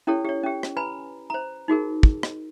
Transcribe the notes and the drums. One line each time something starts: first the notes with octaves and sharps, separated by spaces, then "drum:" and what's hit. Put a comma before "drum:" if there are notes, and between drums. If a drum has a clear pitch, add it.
C#4 E4 G4 A4 C#5
G4 C#5
C#4 G4
drum: rim click
B4 G#5 A#5 B5
C5 A#5
D#4 F#4 G#4 A#4
drum: kick
drum: rim click